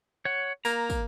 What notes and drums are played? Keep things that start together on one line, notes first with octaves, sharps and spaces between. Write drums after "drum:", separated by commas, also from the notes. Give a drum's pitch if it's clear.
C#5 F#5
A#3 A#5, drum: tambourine
drum: kick, tambourine